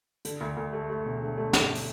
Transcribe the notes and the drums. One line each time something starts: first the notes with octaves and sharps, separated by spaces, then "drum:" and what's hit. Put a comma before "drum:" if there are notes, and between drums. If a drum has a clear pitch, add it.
D3, drum: hi-hat
D2
D2
A3
A3
E1
D3
A3
D3, drum: snare
drum: open hi-hat